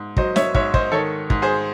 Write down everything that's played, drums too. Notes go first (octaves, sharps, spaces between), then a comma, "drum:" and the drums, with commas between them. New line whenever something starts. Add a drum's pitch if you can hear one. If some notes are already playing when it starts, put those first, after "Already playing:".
Already playing: G#2
F#3 C5 D#5, drum: kick
C#5 E5, drum: snare
G#2 C#5 E5, drum: kick
C5 D#5, drum: kick
D#3 A4 C#5
G#2, drum: kick
G#4 C5